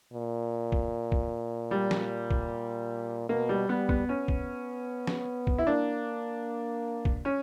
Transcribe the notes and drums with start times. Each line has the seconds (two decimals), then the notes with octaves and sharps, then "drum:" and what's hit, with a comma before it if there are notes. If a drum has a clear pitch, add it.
0.14 A#2
0.72 drum: kick
1.12 drum: kick
1.71 G3
1.91 drum: snare
2.31 drum: kick
3.29 B2 A#3
3.49 G3
3.69 G3 B3
3.89 B3, drum: kick
4.08 B3 C#4
4.28 drum: kick
5.07 drum: snare
5.47 drum: kick
5.58 E4
5.67 A#3 D4
7.05 drum: kick
7.25 C#4